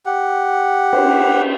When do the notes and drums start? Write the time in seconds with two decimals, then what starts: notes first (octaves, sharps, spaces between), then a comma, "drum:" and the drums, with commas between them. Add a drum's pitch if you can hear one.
0.06 G4 F#5
0.93 drum: cymbal